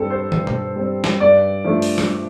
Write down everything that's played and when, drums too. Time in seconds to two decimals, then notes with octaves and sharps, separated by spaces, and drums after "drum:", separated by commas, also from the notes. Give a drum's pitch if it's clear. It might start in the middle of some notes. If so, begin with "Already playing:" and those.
Already playing: G2 G3 C4 A4
0.10 C5
0.32 G2, drum: tom
0.47 drum: tom B2
0.76 G3 C4
1.04 drum: snare
1.20 G2 D5
1.64 F3 A3 D4
1.82 drum: open hi-hat
1.98 drum: snare